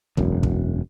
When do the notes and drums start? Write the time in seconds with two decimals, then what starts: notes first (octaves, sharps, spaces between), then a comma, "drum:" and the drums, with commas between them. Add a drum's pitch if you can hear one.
0.17 E1 F#2, drum: kick
0.43 drum: kick